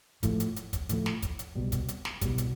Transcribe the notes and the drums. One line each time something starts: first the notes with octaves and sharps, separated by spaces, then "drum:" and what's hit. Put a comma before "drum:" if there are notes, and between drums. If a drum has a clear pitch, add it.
A2 F3 A3, drum: kick, hi-hat
drum: hi-hat
drum: hi-hat
drum: kick, hi-hat
A2 F3 A3, drum: hi-hat
drum: snare
drum: kick, hi-hat
drum: hi-hat
C2 B2 G3
drum: kick, hi-hat
drum: hi-hat
drum: snare
C2 B2 G3, drum: kick, hi-hat
drum: hi-hat